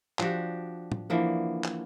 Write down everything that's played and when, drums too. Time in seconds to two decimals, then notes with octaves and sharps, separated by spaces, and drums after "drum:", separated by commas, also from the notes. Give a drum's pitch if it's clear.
0.19 F3 D4 F#4 G4, drum: clap
0.92 drum: tom
1.10 D3 E3 F3 A#3
1.64 drum: clap